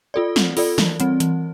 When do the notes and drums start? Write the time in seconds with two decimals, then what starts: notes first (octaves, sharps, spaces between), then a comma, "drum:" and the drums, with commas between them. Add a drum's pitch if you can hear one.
0.14 F4 A4 D5
0.36 C4, drum: snare
0.57 F4 A4 D5, drum: open hi-hat
0.78 E3, drum: snare
1.00 G3 C4, drum: hi-hat
1.20 E3, drum: hi-hat